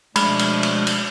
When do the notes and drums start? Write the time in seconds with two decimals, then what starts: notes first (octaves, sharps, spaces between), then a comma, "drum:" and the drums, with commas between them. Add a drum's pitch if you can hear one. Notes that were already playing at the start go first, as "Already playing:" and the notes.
0.16 B2 F3 G#3 A3 D4 B5, drum: cymbal
0.39 drum: cymbal
0.63 drum: cymbal
0.87 drum: cymbal